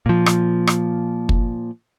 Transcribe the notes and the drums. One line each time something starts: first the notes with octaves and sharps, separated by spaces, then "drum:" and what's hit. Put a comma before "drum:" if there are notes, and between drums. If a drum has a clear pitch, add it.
A#2 F3
drum: rim click
drum: rim click
drum: kick